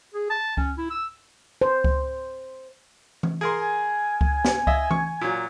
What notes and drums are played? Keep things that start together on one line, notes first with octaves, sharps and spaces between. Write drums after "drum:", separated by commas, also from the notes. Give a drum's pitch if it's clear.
G#4
A5
C#4, drum: kick C#2
E4
E6
C5
drum: kick C#2
drum: tom E3
G#4 A#4 C6
G#5
drum: kick C#2
drum: snare
D#5 E5, drum: kick C#2
C#6, drum: tom E3
A#2 F#3